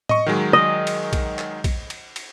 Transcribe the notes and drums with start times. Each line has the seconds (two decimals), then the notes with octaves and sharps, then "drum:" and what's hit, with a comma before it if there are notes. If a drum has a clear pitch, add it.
0.09 D#5 C#6, drum: tom A2
0.26 D#3 F#3 G#3
0.53 D#5
0.87 drum: cymbal
1.13 drum: kick, cymbal
1.38 drum: clap
1.64 drum: kick, cymbal
1.90 drum: cymbal
2.16 drum: cymbal